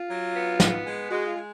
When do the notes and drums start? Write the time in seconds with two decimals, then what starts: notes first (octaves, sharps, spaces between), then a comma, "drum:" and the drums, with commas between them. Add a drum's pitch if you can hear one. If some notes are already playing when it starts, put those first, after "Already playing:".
Already playing: F4
0.10 F#3
0.35 B3
0.60 B3, drum: snare
0.86 G#3
1.10 G#3 F#4
1.27 F4
1.35 G#3